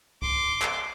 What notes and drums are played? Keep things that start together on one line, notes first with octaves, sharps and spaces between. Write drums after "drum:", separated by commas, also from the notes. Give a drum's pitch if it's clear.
C6 D6, drum: kick C2
drum: clap